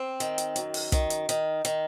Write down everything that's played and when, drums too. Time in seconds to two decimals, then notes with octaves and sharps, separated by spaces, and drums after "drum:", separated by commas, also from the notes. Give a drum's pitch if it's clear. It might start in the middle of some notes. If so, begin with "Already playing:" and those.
Already playing: C4
0.20 D#3, drum: hi-hat
0.38 drum: hi-hat
0.56 F#2, drum: hi-hat
0.74 drum: open hi-hat
0.92 D#3, drum: kick, hi-hat
1.10 drum: hi-hat
1.29 D#3, drum: hi-hat
1.65 D#3, drum: hi-hat